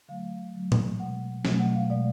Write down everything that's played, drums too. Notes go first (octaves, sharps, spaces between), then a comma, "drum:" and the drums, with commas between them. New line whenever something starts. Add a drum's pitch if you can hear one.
D3 F#3 A3 F5
D3 F#3 A3
drum: tom A2
B2 G#3 F#5
B2 F#3 A3, drum: snare
F#5
F5
B2 G#3 D5